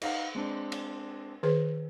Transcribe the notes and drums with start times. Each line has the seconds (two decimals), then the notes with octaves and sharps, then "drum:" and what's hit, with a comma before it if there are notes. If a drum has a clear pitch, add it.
0.02 D#4 F5 F#5, drum: cymbal
0.35 G#3 C4 D4
0.72 drum: cymbal
1.43 D#3 G#4 B4